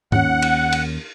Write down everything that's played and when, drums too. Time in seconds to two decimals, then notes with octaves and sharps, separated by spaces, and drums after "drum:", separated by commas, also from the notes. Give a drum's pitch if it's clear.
0.12 D#2 C#4 F#5, drum: tom G#2
0.42 drum: cymbal
0.72 drum: cymbal